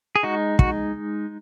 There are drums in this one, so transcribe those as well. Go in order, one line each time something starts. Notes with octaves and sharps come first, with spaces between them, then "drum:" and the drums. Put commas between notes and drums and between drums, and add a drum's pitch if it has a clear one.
G#4
G#3 D#4 F#4
F#4, drum: kick